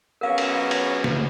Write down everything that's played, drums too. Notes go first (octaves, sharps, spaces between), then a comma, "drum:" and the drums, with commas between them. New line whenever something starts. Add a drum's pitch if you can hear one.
F#3 B3 C#4 A#4 F5
drum: cymbal
F5
drum: cymbal
drum: snare